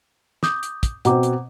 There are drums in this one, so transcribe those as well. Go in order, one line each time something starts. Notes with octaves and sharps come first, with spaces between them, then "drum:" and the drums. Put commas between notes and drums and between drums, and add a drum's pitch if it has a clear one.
D6 D#6 G6, drum: snare
drum: hi-hat
drum: kick, hi-hat
B2 C4 F#5 A#5 D6, drum: hi-hat
drum: hi-hat